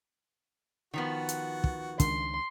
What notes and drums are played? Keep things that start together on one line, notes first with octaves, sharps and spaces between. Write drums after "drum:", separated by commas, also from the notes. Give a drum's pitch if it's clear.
D#3 F3 B3 F#4
drum: hi-hat
drum: kick
C#2 D#3 D4 C6, drum: kick, hi-hat